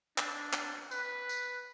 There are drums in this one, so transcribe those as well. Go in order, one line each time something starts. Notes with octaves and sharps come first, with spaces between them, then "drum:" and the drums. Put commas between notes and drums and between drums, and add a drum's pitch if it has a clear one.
D4, drum: clap
drum: clap
B4, drum: tambourine
drum: tambourine